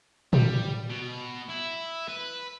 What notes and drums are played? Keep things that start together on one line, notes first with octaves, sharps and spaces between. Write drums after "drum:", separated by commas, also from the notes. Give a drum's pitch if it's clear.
G3, drum: tom
B2
E4
B4